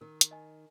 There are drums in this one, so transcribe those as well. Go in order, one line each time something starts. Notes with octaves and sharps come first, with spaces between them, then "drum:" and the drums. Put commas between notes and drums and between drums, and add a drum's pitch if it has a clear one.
D#3 A#4
drum: hi-hat
D#5 G#5